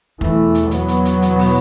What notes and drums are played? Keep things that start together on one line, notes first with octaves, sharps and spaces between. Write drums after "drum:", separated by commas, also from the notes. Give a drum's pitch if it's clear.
E2 B2 E3 A3, drum: kick F1
drum: hi-hat
F#3 B3, drum: hi-hat
drum: hi-hat
drum: hi-hat
E2 B2, drum: hi-hat
drum: open hi-hat